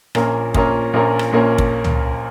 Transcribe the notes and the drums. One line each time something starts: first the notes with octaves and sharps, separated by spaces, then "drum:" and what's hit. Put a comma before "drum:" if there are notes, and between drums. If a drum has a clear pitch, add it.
A#1 A#2 A#3 C#4 A#4, drum: rim click
A#1 A#2 A#3 C#4 A#4, drum: kick
A#1 A#2 A#3 C#4 A#4
drum: rim click
A#1 A#2 A#3 C#4 A#4
drum: kick
drum: tom C#2